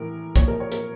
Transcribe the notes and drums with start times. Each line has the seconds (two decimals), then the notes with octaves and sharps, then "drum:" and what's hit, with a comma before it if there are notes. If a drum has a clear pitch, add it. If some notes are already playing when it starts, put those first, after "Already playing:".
Already playing: A2 E3 A#4
0.36 A#2 F3 C#5, drum: kick, hi-hat
0.48 A#4
0.60 C#5
0.72 A#4, drum: hi-hat